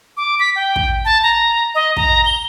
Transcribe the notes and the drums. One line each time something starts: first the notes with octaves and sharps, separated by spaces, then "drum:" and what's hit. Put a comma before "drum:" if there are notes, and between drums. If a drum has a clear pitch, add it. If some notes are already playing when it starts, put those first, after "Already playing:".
D6
B6
G5
drum: kick
A5
A#5
D#5
A#5, drum: kick
G7